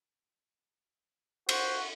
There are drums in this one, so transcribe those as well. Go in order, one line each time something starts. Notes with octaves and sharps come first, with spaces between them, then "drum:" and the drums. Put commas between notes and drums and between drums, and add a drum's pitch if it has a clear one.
F#4 C5, drum: cymbal